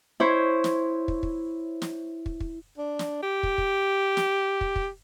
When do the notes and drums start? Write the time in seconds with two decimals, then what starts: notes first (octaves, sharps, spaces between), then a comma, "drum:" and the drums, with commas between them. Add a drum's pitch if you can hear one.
0.20 E4 C5 C#5
0.64 drum: snare
1.08 drum: kick
1.23 drum: kick
1.82 drum: snare
2.26 drum: kick
2.40 drum: kick
2.78 D4
2.99 drum: snare
3.23 G4
3.43 drum: kick
3.58 drum: kick
4.17 drum: snare
4.61 drum: kick
4.76 drum: kick